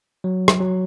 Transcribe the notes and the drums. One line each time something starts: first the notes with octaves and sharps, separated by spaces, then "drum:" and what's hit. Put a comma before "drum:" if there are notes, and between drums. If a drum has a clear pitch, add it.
F#3
drum: rim click
F#3